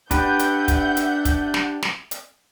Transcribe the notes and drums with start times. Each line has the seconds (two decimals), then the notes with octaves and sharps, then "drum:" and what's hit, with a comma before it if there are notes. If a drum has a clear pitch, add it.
0.11 D4 G4 B4 E5 F#5 G6, drum: kick, hi-hat
0.39 drum: hi-hat
0.68 drum: kick, hi-hat
0.97 drum: hi-hat
1.25 drum: kick, hi-hat
1.54 drum: snare
1.83 drum: snare
2.11 drum: hi-hat